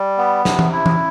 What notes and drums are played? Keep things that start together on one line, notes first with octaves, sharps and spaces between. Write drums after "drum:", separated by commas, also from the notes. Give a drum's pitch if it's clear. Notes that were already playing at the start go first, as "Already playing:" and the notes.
Already playing: G3
B3
C3, drum: snare
drum: tom E3
E4
drum: tom E3